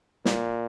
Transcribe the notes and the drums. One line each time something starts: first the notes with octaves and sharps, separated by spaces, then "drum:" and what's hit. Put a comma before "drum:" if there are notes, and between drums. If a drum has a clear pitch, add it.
A#2, drum: snare